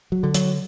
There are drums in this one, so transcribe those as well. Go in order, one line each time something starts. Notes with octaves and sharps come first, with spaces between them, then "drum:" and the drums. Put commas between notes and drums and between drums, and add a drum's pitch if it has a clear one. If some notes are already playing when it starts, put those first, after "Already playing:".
F#3
D3
F#3, drum: hi-hat